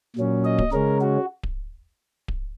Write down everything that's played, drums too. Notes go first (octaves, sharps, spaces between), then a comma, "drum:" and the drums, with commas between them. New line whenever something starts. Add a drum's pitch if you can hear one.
A#2 F#3 C#4
D#5
drum: kick D1
C#3 G#3 C#4 A#4
F#4
drum: kick D1
drum: kick D1